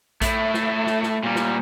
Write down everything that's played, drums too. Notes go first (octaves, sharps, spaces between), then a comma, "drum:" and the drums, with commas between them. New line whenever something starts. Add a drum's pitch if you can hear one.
A3 E4, drum: kick A#1, hi-hat
drum: snare
drum: snare
drum: snare
A#2 G3
drum: snare